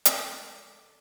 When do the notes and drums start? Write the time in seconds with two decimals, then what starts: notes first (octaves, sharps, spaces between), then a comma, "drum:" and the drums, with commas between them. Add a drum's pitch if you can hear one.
0.05 F3 G#3 D4, drum: hi-hat
0.39 A4 D5